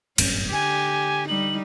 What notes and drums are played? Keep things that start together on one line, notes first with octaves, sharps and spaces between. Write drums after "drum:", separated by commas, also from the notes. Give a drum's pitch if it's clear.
D1 G1 F#2 C#4, drum: cymbal
D3 G4 G#5
G3 D#4 F#7